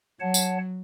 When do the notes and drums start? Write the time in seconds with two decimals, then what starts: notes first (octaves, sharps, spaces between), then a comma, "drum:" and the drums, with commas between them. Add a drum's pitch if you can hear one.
0.20 F#3 C#5 F#5 A5
0.34 drum: tambourine